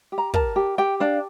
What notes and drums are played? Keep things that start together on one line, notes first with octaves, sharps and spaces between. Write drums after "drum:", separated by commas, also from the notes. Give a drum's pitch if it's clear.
G4
A#5
A#4 A5, drum: kick
G4
G4 G5
D4 F5